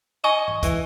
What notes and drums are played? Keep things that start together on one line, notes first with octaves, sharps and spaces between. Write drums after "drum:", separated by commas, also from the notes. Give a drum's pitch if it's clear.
D#5 G#5 C#6 D#7
drum: tom G#2
E3, drum: kick, hi-hat